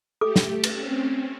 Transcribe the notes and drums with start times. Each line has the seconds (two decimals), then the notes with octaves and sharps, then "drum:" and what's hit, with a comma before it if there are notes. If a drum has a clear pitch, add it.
0.21 A3 G4 A4 D6
0.36 drum: snare
0.64 drum: cymbal
0.76 C4 C#4